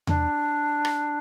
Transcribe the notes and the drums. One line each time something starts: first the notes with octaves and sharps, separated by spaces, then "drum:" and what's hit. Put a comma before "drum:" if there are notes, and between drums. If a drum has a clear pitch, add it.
D4, drum: tom E2
drum: rim click